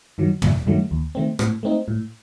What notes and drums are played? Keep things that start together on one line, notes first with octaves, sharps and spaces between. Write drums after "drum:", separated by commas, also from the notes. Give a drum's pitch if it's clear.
G2 D#3 F#3
A1, drum: tom
G2 D#3 F#3 A3
D#2
D#3 A3 C4
A2, drum: rim click
A3 C4 D#4
A2